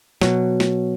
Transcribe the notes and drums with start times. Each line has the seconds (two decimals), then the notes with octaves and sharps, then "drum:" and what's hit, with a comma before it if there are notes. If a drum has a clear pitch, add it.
0.22 B2 F#3, drum: snare
0.60 drum: snare